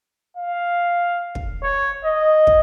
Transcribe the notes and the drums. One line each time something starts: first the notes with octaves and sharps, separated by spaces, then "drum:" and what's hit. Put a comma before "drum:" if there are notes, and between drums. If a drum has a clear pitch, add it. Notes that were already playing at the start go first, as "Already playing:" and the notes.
F5
drum: kick
C#5
D#5
drum: kick